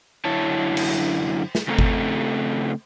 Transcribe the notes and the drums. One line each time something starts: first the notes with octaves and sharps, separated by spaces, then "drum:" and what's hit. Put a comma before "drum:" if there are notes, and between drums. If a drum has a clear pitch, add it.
F#2 D3 E4 C#5 A5
drum: cymbal
drum: snare
C#3 A3 C4 A4 A#5
drum: kick G1